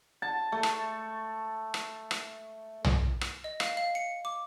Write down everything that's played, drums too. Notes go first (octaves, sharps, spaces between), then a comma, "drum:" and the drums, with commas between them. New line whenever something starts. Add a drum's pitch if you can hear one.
A5
A3
drum: rim click
drum: rim click
drum: rim click
drum: tom
drum: rim click
D#5
F5, drum: rim click
F5
C#7
D6